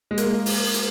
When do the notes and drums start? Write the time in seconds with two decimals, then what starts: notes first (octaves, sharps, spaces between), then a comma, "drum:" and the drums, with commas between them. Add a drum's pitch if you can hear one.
0.11 G#3
0.18 A#3, drum: hi-hat
0.46 drum: open hi-hat
0.74 drum: hi-hat